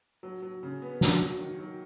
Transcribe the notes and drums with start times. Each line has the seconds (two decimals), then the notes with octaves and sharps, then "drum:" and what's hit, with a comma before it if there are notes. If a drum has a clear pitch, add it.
0.23 F#3
0.42 F#3
0.63 C#3
0.82 B3
1.01 A#3, drum: snare
1.21 F#3
1.40 D#3
1.59 F#3